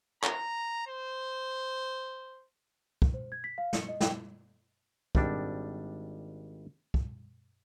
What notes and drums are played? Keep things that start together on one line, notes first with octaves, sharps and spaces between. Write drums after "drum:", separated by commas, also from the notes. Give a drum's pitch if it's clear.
A#5, drum: clap
C5
drum: kick
C5
G#6
B6
F5
C#7, drum: snare
D#5
G5, drum: snare
G#1 G3 D4, drum: kick
drum: kick